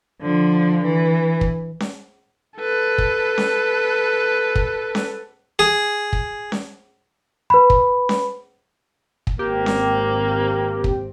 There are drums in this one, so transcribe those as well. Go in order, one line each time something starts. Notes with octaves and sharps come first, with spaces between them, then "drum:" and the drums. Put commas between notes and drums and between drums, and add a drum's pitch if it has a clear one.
D3 F3
E3
drum: kick
drum: snare C#4
A4 B4
drum: kick
drum: snare C#4
drum: kick
drum: snare C#4
G#4
drum: kick
drum: snare C#4
B4 B5
drum: kick
drum: snare C#4
drum: kick
G#1 G#2 A#3 C4 G4
drum: snare C#4
drum: kick